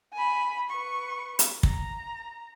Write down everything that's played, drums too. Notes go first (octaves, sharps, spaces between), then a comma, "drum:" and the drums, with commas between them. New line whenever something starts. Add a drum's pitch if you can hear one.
G#5 B5
B4 C#6
drum: hi-hat
A#5, drum: kick